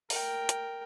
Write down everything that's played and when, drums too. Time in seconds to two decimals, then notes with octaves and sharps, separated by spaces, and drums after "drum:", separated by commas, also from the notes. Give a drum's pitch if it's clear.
0.10 A#4 G5, drum: open hi-hat
0.49 drum: hi-hat